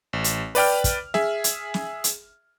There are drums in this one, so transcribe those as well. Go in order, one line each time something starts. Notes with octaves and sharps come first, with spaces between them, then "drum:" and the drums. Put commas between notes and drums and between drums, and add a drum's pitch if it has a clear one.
A1
drum: hi-hat
B4 D5 G5 F6, drum: open hi-hat
drum: kick, hi-hat
G#4 E5, drum: snare
drum: hi-hat
drum: snare
drum: hi-hat